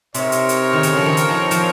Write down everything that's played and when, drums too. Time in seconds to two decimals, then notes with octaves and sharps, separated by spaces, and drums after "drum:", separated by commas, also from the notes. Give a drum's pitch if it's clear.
0.14 C3 C4 D#4 A#4 C#5, drum: hi-hat
0.32 drum: hi-hat
0.49 drum: hi-hat
0.73 D#3
0.83 C#3, drum: hi-hat
0.97 F3
1.06 D#3
1.17 drum: hi-hat
1.29 F3
1.51 F3, drum: hi-hat